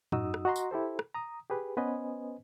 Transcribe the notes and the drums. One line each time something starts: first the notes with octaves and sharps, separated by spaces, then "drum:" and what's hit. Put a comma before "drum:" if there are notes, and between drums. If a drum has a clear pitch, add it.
F#2 D#4 F#4 D#6 E6, drum: tom G#2
drum: rim click
F#4 D#5 A#5 C6
drum: tambourine
E4 G4 A4 C5
drum: rim click
A#5 D#6
G4 G#4 B4
B3 C#4 B4 C5 D#5 G#5